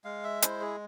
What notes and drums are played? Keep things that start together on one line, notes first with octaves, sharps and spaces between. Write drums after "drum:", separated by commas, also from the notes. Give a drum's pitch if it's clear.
G#3 F5
E5
E4 C5, drum: hi-hat
G#4